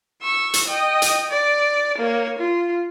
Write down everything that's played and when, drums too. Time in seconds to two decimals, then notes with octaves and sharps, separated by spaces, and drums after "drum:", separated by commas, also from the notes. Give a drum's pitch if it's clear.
0.22 C#6 E6
0.54 drum: hi-hat
0.68 D#5 G5
1.02 drum: hi-hat
1.30 D5
1.98 A#3 C#5
2.39 F4